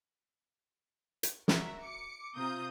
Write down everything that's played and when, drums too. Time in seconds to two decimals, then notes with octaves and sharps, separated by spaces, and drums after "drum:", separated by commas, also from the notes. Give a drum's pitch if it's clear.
1.23 drum: hi-hat
1.48 F#4 A#4 E5 A#5, drum: snare
1.80 D6 C#7
2.36 C3 C4 F4 A#5 D#6 G6